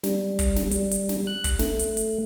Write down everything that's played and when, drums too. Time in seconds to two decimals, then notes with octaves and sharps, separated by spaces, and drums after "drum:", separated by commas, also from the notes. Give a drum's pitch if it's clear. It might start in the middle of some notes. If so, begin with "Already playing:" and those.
0.04 G3, drum: snare
0.39 drum: kick, hi-hat
0.56 drum: snare
0.71 G3, drum: hi-hat
0.91 drum: hi-hat
1.09 drum: snare
1.27 F#6
1.44 drum: kick, hi-hat
1.59 A3, drum: snare
1.79 drum: hi-hat
1.97 drum: hi-hat